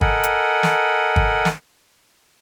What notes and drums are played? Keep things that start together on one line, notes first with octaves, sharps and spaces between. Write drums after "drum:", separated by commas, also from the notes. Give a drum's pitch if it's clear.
A4 A#4 D#5 F#5 G#5 B5, drum: kick
drum: hi-hat
drum: snare
drum: kick
drum: snare